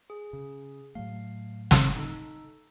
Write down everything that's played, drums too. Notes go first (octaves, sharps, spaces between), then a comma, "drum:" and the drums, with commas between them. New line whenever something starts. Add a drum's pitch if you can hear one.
G#4
C#3
A2 F#3 A3 F5
drum: snare
D#4 A4